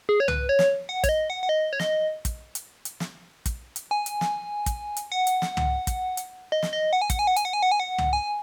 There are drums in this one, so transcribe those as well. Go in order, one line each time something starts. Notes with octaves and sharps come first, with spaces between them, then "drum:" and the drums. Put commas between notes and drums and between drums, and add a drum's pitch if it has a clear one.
G#4
C#5
B4, drum: tom
C#5
drum: snare
F#5
C#5, drum: kick, hi-hat
D#5
F#5
F#5
D#5
C#5
D#5, drum: snare
drum: kick, hi-hat
drum: hi-hat
drum: hi-hat
drum: snare
drum: kick, hi-hat
drum: hi-hat
G#5
drum: hi-hat
drum: snare
drum: kick, hi-hat
drum: hi-hat
F#5
drum: hi-hat
drum: snare
drum: tom
drum: kick, hi-hat
drum: hi-hat
D#5
drum: snare
D#5
F#5
G#5
F#5, drum: kick, hi-hat
G#5
F#5
G#5, drum: hi-hat
F#5
G#5
F#5
G#5
F#5
drum: tom
G#5